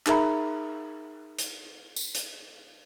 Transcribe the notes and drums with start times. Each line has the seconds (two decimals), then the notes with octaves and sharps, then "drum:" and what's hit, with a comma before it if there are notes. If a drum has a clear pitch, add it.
0.06 D#4 G#4 A#4 E5 A#5 B5, drum: clap
1.39 drum: hi-hat
1.96 drum: tambourine
2.15 drum: hi-hat